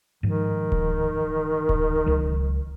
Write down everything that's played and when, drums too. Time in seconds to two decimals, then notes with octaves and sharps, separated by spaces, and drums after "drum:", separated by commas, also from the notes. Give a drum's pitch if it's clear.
0.23 G#2 D#3 F3
0.72 drum: kick D1
1.69 drum: kick D1
2.06 C#2 F#3